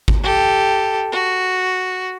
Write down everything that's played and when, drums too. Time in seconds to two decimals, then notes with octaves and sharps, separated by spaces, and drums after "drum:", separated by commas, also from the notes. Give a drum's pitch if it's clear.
0.08 drum: kick G#1
0.24 G4 A4
1.12 F#4